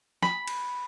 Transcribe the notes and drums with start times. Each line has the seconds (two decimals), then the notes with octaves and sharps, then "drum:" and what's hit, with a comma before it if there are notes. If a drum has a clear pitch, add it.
0.22 B5, drum: snare
0.48 drum: cymbal